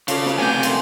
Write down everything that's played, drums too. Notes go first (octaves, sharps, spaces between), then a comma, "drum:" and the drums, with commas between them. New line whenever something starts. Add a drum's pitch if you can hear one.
C#3 F4 A4 D5, drum: cymbal
drum: snare
C3 A3 B3 G#5 G6
A#3 C6, drum: cymbal